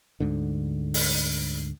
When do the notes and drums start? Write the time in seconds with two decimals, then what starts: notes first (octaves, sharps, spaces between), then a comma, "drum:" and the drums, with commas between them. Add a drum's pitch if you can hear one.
0.20 D2 G#2 D3
0.94 drum: open hi-hat